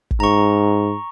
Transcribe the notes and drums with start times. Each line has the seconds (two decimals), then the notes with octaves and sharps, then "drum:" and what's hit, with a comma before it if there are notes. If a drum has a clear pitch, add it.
0.11 drum: kick
0.20 G#2 A#5 C#6